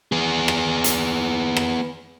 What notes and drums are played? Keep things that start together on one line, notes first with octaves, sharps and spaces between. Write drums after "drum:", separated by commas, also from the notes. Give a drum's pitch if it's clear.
B3 G#4
drum: rim click
drum: hi-hat
drum: rim click